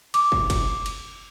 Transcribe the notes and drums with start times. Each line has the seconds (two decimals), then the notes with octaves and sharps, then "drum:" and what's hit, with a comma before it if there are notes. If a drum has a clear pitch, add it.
0.14 D6, drum: cymbal
0.32 drum: kick
0.50 drum: kick, cymbal
0.86 drum: cymbal